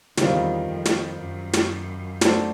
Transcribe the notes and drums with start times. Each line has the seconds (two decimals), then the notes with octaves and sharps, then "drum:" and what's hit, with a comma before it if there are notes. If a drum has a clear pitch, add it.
0.17 E2 D#3 G3 C4 F4, drum: snare
0.68 F2
0.85 drum: snare
1.19 F#2
1.53 drum: snare
2.21 A3 D4 F#4 A4 C5, drum: snare